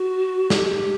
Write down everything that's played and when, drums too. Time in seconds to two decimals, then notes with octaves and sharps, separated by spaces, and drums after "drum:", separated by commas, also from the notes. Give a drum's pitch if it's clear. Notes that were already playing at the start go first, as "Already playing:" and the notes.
Already playing: F#4
0.50 G4, drum: snare